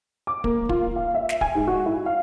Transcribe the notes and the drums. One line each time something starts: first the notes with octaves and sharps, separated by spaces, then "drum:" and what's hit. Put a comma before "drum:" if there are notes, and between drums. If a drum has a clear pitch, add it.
D6
A#3, drum: kick
F4, drum: kick
F5
E5
drum: snare
G#5, drum: kick
G#2
F#4
E4
F5